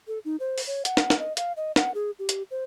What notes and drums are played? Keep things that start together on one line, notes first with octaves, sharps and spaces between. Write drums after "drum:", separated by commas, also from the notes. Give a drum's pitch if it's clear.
A4
D#4
C5
drum: open hi-hat
C#5
F#5, drum: hi-hat
drum: snare
drum: snare
D#5
F5, drum: hi-hat
D#5
F#5, drum: snare
G#4
G4
drum: hi-hat
C5